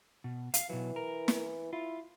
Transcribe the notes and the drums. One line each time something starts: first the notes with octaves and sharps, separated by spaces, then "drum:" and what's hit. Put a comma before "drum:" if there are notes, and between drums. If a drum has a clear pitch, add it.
B2
F5, drum: hi-hat
B2 E3 F#3
A#4
drum: snare
E4 F4